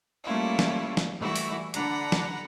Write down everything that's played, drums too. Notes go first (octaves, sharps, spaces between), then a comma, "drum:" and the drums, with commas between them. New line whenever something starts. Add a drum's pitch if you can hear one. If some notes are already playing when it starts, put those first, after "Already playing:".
G3 A3 A#3 C#4 E4 F4
drum: snare
drum: snare
E3 G3 A3 E4 F#4
drum: open hi-hat
D3 D4 F#5 A#5 B5, drum: hi-hat
drum: snare